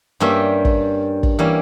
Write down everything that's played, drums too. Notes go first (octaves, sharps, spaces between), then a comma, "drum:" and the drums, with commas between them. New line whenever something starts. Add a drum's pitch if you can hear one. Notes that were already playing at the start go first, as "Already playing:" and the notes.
G2 G3 A#3 C#4 E5
drum: kick
drum: kick
E3 G3 A#3 C#4